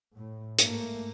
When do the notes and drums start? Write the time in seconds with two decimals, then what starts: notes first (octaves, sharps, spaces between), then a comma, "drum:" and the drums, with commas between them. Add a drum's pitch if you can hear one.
0.16 A2
0.59 G#2 A3 A#3, drum: hi-hat